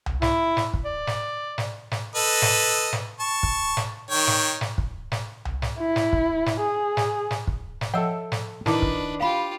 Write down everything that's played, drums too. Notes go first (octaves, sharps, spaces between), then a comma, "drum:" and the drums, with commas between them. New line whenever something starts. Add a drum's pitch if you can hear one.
drum: tom C2
E4, drum: snare
drum: snare
drum: kick
D5
drum: snare
drum: snare
drum: snare
A4 B4 D#5
drum: snare
drum: snare
A5 C#6
drum: kick
drum: snare
D#3 C#5 G5
drum: snare
drum: snare
drum: kick
drum: snare
drum: tom C2
drum: snare
E4
drum: snare
drum: kick
drum: snare
G#4
drum: snare
drum: snare
drum: kick
drum: snare
F3 A4 D#5 E5 F#5 G5 E6
drum: snare
D#3 D4 E4 A#4 B4 A5 D6, drum: snare
drum: kick
F4 G4 F5 B5